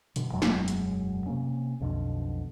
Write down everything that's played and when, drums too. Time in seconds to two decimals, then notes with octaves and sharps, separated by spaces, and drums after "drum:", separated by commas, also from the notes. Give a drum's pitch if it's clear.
0.16 G2 B2 D3 E3, drum: hi-hat
0.32 E1 F#2 F#3 G#3
0.42 drum: snare
0.68 drum: hi-hat
1.26 C3 A#3 C#4
1.80 B1 F2 B2 D3